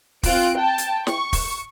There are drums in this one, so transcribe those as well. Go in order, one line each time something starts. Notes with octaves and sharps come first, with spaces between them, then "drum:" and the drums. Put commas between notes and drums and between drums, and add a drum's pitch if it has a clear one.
C4 F4 F#6 D7, drum: kick, open hi-hat
G5 A5
drum: hi-hat
C#6, drum: snare
drum: kick, open hi-hat